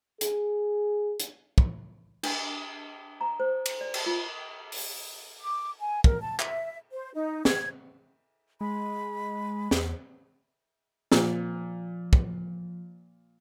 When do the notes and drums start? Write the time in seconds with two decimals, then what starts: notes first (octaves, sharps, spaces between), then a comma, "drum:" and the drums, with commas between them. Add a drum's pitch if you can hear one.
0.21 G#4, drum: hi-hat
1.20 drum: hi-hat
1.58 drum: kick
2.23 D4, drum: cymbal
3.21 A#5
3.40 C5
3.66 drum: cymbal
3.81 D5
3.94 drum: cymbal
4.06 F4
4.72 drum: open hi-hat
5.40 D6
5.80 G#5
6.04 A#4, drum: kick
6.21 A5
6.40 E5, drum: clap
6.92 C5
7.14 D#4
7.45 G#6, drum: snare
8.61 G#3 B5
9.71 E2, drum: snare
11.12 A#2 F3, drum: snare
12.13 drum: kick